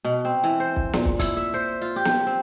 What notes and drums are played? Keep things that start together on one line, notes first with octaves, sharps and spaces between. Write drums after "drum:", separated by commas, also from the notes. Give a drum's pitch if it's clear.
B2
C4
E3
C5
drum: kick
A#2, drum: snare
drum: kick
E4, drum: kick, hi-hat
E5
C5
F4
G4
drum: snare
C4